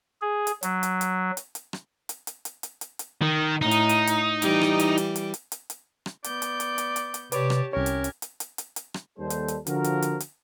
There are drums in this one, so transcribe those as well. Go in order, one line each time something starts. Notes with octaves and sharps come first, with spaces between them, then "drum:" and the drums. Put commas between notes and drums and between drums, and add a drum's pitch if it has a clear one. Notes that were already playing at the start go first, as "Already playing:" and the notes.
G#4
drum: hi-hat
F#3, drum: hi-hat
drum: hi-hat
drum: hi-hat
drum: hi-hat
drum: hi-hat
drum: rim click
drum: hi-hat
drum: hi-hat
drum: hi-hat
drum: hi-hat
drum: hi-hat
drum: hi-hat
D#3
A2 D#4
drum: hi-hat
drum: hi-hat
drum: hi-hat
E3 G3, drum: hi-hat
drum: rim click
drum: hi-hat
drum: hi-hat
drum: hi-hat
drum: hi-hat
drum: hi-hat
drum: hi-hat
drum: rim click
B3 D5 G6, drum: hi-hat
drum: hi-hat
drum: hi-hat
drum: hi-hat
drum: hi-hat
drum: hi-hat
C3 G4 B4 C#5 D5 A5, drum: hi-hat
drum: rim click
C2 C#4 G4 A#4 C#5 G#6
drum: hi-hat
drum: hi-hat
drum: hi-hat
drum: hi-hat
drum: hi-hat
drum: hi-hat
drum: rim click
D#2 G3 A4 C5
drum: hi-hat
drum: hi-hat
D3 F3 F#4 A#4, drum: hi-hat
drum: hi-hat
drum: hi-hat
drum: hi-hat